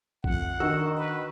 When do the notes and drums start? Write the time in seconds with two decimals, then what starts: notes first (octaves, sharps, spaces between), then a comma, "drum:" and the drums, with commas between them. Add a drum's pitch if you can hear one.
0.24 F2 F#5, drum: kick A1
0.60 D#3 D4 D#4 F#4 E6
0.97 B4